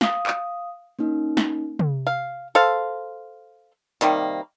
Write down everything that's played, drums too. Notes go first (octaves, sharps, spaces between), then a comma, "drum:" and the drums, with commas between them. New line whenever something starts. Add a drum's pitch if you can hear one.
F5 D#6, drum: snare
drum: clap
A#3 C#4 D#4
drum: snare
drum: tom
F5
A4 C5 F5
C3 D#3 G3 A#3, drum: hi-hat